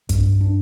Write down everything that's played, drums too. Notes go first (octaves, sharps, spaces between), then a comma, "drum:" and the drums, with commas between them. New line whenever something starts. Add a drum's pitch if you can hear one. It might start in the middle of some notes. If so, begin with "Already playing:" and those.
G2, drum: kick, hi-hat
D4